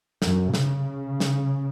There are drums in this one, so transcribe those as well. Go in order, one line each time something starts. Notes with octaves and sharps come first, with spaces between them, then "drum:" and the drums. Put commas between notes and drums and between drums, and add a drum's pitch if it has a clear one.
F#2, drum: snare
C#3, drum: snare
drum: snare